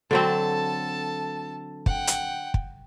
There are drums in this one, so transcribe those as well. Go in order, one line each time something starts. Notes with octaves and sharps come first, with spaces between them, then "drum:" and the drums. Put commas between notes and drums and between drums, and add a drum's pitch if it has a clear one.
D3 F#3 C4 A4 A5
F#5 G5, drum: kick
drum: hi-hat
drum: kick